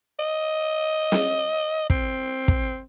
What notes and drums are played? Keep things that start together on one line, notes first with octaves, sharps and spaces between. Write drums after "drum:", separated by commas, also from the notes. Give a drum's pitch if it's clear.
D#5
drum: snare
C4, drum: kick
drum: kick